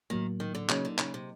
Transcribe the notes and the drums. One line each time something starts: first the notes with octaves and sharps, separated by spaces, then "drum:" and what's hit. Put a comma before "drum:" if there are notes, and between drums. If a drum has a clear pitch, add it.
A2 D#3 F#3 A#3
D#3
D3
C#3 F#3 A#3 D#4, drum: clap
D3
C#3, drum: clap
C3